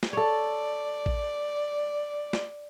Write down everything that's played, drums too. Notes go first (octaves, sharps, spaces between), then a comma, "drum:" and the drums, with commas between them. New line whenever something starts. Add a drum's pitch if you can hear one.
drum: snare
A4 C#5 D5
drum: kick A1
drum: snare